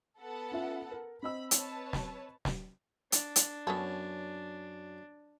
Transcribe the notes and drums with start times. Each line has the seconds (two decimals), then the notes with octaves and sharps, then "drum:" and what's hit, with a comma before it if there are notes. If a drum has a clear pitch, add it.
0.20 B3 A4 F#5
0.51 C#4 F4 E5
0.91 A#4
1.23 C4 D#5 B5 E6
1.51 B4 C#5 A5, drum: hi-hat
1.93 drum: snare
2.45 drum: snare
3.12 D4, drum: hi-hat
3.36 drum: hi-hat
3.67 F#2 B3 C#4 A4